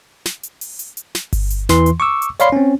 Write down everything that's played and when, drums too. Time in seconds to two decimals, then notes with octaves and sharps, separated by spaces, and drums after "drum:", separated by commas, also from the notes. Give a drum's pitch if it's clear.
0.25 drum: snare
0.43 drum: hi-hat
0.61 drum: open hi-hat
0.79 drum: hi-hat
0.97 drum: hi-hat
1.15 drum: snare
1.33 drum: kick G1, open hi-hat
1.50 drum: hi-hat
1.69 E2 E3 C6, drum: snare
1.86 drum: hi-hat
2.00 C#6 D6 E6
2.22 drum: hi-hat
2.40 C#5 D5 F5 B5 C6 C7, drum: hi-hat
2.52 C4 C#4